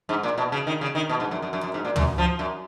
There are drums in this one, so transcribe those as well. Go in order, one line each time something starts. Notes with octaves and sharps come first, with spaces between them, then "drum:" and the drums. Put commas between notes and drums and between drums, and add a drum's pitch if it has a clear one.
G#2
A#2
B2
C#3
D#3
C#3
D#3
B2
G#2
F#2
F#2
F#2
F#2
G#2
A#2
F#2, drum: tom
F3
F#2